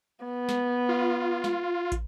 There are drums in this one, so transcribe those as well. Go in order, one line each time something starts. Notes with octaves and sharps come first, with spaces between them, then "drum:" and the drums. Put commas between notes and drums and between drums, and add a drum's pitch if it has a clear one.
B3
drum: snare
F4
drum: snare
drum: kick, hi-hat